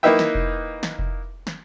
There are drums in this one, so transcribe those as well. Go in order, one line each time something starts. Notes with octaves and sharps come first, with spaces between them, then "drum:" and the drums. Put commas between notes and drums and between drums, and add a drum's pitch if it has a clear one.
A#3 D#4 E4 B4 E5 G5
drum: snare
drum: kick F1
drum: snare
drum: kick F1
drum: snare